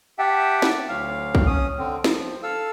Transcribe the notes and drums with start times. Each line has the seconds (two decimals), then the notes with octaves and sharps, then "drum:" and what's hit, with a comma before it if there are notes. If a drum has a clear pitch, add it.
0.19 G4 E5 F#5 G5 A5
0.62 drum: snare
0.89 D2 F#3 F5
1.35 drum: kick B1
1.47 C#4 D#6
1.78 D3 C4
2.04 F3, drum: snare
2.43 A4 F5 E6